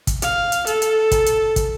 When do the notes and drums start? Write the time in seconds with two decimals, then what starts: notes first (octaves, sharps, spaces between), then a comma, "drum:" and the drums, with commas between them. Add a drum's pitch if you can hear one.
0.07 drum: kick, hi-hat
0.22 F5, drum: hi-hat
0.52 drum: hi-hat
0.67 A4, drum: hi-hat
0.82 drum: hi-hat
1.11 drum: kick, hi-hat
1.26 drum: hi-hat
1.56 drum: kick, hi-hat